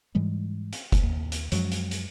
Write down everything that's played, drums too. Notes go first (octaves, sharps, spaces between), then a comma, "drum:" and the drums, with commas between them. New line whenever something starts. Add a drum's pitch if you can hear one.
G#2 E3 G3 G#3
drum: hi-hat
drum: kick F#1, hi-hat
D#2
drum: hi-hat
F#2 F3 F#3 G#3, drum: hi-hat
drum: hi-hat
drum: hi-hat